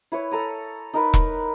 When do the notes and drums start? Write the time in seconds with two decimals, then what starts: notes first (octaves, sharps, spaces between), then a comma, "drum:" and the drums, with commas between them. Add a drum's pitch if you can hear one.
0.12 E4 B4 C#5
0.31 A4 A#5 D#6
0.94 D#4 A#4 B4
1.14 drum: kick E1